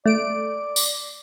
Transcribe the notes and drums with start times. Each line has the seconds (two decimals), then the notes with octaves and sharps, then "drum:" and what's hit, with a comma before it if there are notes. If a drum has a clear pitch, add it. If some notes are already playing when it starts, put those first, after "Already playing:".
0.06 A3 D5 D7
0.76 drum: tambourine